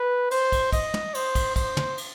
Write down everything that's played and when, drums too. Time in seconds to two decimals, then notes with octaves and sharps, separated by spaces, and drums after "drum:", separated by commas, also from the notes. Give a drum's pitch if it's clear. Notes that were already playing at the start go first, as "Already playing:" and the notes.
Already playing: B4
0.31 C5, drum: cymbal
0.52 drum: kick, cymbal
0.73 D#5, drum: kick, cymbal
0.94 drum: tom
1.15 C5, drum: cymbal
1.35 drum: kick, cymbal
1.56 C5, drum: kick, cymbal
1.77 drum: tom
1.98 drum: cymbal